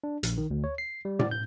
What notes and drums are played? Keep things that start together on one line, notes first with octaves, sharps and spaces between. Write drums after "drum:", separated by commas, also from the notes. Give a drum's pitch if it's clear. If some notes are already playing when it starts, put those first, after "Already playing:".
D4
A#1, drum: hi-hat
D#3
D2
C#5
C7
G3
D5, drum: tom A2
G6